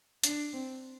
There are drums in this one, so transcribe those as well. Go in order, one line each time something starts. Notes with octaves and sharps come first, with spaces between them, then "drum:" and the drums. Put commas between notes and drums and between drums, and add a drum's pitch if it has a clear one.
D4, drum: hi-hat
C4